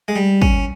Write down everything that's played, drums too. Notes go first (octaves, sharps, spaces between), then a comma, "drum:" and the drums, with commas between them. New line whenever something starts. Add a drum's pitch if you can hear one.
G#3
G3
C#4, drum: kick